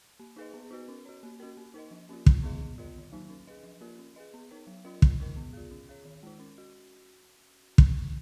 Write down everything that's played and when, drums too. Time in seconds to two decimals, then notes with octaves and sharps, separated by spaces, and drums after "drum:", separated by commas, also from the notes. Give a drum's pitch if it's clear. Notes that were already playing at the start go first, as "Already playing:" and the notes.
0.20 A#3
0.36 D#4 G#4 B4 D#5
0.54 B3
0.71 D#4 F#4 B4
0.88 C#4
1.05 F#4 C#5
1.23 A#3
1.40 C#4 F#4 A#4
1.57 A#3
1.74 D#4 A#4 D#5
1.91 F3
2.09 A#3 C#4 F4
2.26 G#3, drum: kick
2.43 B3 D#4 G#4 D#5
2.61 B3
2.78 F4 A#4 D#5
2.96 D#3
3.12 F#3 A#3 D#4
3.30 C#4
3.47 G#4 B4 D#5
3.63 F3
3.81 A#3 F4 A#4
3.99 C#4
4.16 G#4 B4 D#5
4.34 B3
4.51 D#4 A#4 C#5
4.67 F#3
4.84 C#4 F4 A#4 D#5
5.02 G#3, drum: kick
5.20 D#4 A#4 D#5
5.36 B3
5.53 F4 G#4
5.71 C#4
5.89 G#4 C#5
6.05 D#3
6.23 G#3 D#4
6.40 C#4
6.58 F#4
7.78 drum: kick